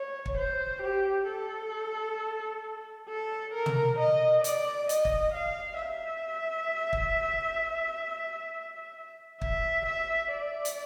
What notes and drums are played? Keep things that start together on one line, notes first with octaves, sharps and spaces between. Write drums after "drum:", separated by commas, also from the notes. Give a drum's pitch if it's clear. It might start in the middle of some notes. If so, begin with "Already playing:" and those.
Already playing: C#5
drum: kick
C5
G4
A4
A4
A#4
drum: tom
D#5
D5, drum: hi-hat
D#5, drum: hi-hat
drum: kick
F5
E5
drum: kick
E5, drum: kick
E5
D5
drum: hi-hat